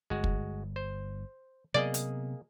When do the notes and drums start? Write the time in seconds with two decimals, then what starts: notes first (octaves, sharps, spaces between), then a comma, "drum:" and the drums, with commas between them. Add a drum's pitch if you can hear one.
0.10 G1 G#3 F#4
0.24 drum: kick
0.76 C5
1.74 C3 F#3 A#3 B3 G#4 D5 D#5
1.94 drum: hi-hat